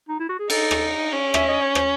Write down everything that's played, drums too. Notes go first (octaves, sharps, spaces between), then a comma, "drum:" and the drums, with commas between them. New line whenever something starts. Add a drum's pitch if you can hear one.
D#4
E4
F#4
G#4
D#4 A4, drum: cymbal
drum: rim click
C#4
E5, drum: rim click
D#5
C#5
C5, drum: rim click